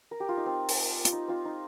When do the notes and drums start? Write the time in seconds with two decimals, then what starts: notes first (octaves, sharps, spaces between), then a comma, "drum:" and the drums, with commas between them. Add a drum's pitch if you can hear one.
0.11 A#4
0.20 G4
0.29 F4
0.37 D#4
0.46 C4
0.69 drum: open hi-hat
1.05 F4, drum: hi-hat
1.12 D#4
1.28 C4 F4
1.45 D#4